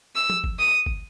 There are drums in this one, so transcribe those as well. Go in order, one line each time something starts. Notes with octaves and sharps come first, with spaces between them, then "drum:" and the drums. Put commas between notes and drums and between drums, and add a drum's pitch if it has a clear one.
E6
drum: tom F3
drum: kick
D#6
drum: kick